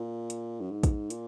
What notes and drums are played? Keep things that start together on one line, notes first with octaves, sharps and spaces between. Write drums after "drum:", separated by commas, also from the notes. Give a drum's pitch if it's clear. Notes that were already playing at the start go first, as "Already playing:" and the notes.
Already playing: A#2
drum: hi-hat
F#2
G#2
drum: kick, hi-hat
A#2, drum: hi-hat